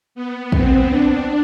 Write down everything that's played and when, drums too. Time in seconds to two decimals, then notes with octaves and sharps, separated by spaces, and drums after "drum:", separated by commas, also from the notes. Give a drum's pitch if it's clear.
0.15 B3
0.52 C4, drum: kick
0.90 D4